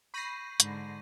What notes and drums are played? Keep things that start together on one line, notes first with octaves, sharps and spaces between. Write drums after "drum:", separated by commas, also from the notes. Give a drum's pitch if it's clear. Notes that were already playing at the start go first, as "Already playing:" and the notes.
B5 C#6 G6 A#6 C7 D#7
G#2 D3, drum: hi-hat